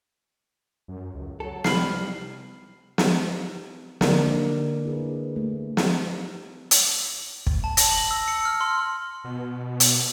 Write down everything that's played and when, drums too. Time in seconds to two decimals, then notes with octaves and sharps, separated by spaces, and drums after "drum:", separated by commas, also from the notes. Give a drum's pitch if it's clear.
0.88 F#2
1.14 C#2
1.40 F#3 A4
1.64 C2 G3 B5 F6 C7, drum: snare
2.98 drum: snare
4.01 D3 A#3 D#4 A#4 D5, drum: snare
4.85 E4 G#4 B4
5.36 A3
5.77 drum: snare
6.71 drum: hi-hat
7.47 drum: kick
7.64 A5
7.77 A#6, drum: hi-hat
7.91 F#7
8.11 E6
8.28 C#7
8.45 F6
8.61 C6
9.24 B2
9.80 drum: hi-hat